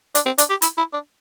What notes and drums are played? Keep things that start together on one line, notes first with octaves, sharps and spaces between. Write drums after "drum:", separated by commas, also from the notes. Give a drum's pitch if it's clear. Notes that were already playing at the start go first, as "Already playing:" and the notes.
D4, drum: hi-hat
C4
D4, drum: hi-hat
G4
E4, drum: hi-hat
E4
D4